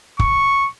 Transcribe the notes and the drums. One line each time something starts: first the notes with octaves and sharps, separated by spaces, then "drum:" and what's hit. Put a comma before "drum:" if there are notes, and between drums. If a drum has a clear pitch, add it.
C#6, drum: kick